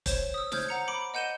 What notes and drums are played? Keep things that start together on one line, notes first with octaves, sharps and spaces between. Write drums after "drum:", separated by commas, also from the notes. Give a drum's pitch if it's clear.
C5 C#5 E7, drum: kick F1, hi-hat
D#6 E6
C5 F6 G6 G#6, drum: snare
F#5 A#5 C#7
B5 D6 D7
D#5 F#5 G6 D#7 E7 G7